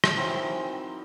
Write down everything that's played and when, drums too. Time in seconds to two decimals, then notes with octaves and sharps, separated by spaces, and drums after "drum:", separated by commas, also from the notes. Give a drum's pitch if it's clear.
0.04 drum: rim click
0.17 D#3 E3 F#3 C4